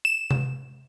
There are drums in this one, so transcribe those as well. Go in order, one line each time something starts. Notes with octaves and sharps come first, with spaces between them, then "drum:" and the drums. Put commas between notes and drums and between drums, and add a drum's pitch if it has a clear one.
E7
drum: tom C3